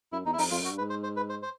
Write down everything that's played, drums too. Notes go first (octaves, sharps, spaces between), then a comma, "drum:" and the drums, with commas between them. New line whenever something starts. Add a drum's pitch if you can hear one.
F#2 E4
E2 D#4
E4
F2 D#4, drum: open hi-hat
F2 F4
F#2
F#4
G2
B4
G#2
C5
C5
B4
C5
C5